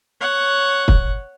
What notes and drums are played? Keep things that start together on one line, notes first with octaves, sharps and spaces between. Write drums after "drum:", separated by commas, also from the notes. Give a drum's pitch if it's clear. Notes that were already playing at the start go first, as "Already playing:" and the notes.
C#5 F#5
drum: kick